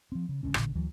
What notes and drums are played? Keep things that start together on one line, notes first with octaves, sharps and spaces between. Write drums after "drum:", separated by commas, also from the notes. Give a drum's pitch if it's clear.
F3 C4
C#3
D1 C#2 D3 C#4
A1 A#2 D3, drum: rim click
D2 E3 F#3